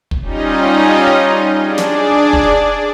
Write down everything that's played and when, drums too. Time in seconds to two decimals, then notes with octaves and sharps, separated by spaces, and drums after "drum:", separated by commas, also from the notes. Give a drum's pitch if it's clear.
0.11 drum: kick
0.21 G3 C#4 D#4 F4 D#5
1.59 D4 G#4 D5
1.78 drum: snare
2.33 drum: kick